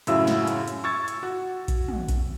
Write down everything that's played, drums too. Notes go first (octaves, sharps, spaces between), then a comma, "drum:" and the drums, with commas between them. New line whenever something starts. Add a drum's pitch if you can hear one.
F#2 A2 C#3 F#3 E4 E6, drum: hi-hat
drum: snare
drum: hi-hat
drum: hi-hat
C#6 E6 G#6 A6
drum: hi-hat
F#4
drum: kick A#1, hi-hat
drum: tom
drum: kick A#1, hi-hat